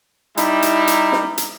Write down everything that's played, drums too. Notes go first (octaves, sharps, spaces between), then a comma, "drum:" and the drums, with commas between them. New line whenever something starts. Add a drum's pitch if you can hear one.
G3 D#4 E4, drum: hi-hat
drum: hi-hat
drum: hi-hat
drum: snare
drum: hi-hat